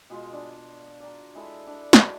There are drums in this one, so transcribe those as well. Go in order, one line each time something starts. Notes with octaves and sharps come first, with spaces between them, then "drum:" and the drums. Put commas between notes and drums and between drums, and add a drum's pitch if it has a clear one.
B2 G#3 F4
D4
D5 A#5
G#3 E4 A4
D4
G#3 F#4, drum: snare